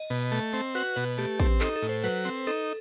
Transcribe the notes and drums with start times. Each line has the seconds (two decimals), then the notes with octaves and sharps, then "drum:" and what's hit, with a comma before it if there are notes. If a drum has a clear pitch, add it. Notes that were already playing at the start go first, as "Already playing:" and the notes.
Already playing: D#5
0.10 B2
0.32 A3
0.53 C4
0.75 F#4 B4
0.96 B2 B4
1.18 A3 G4
1.40 C4, drum: kick
1.61 D#4 A4, drum: clap
1.76 A4
1.82 A2
1.89 C5
2.04 F#3 B4
2.25 C4
2.47 D#4 A4